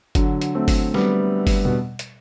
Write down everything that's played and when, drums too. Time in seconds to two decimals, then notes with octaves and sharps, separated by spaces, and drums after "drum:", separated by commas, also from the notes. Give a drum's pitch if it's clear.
0.15 D3 F#3, drum: kick G1, hi-hat
0.41 drum: hi-hat
0.55 A3 C4
0.68 drum: kick G1, open hi-hat
0.94 G3 B3, drum: snare
1.47 drum: kick G1, open hi-hat
1.65 B2
1.99 drum: hi-hat